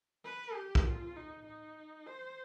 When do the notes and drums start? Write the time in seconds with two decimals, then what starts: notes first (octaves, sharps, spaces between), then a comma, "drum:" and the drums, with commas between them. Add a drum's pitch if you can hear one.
0.25 B4
0.54 G4
0.75 drum: kick
0.86 F4
1.16 D#4
1.46 D#4
2.07 C5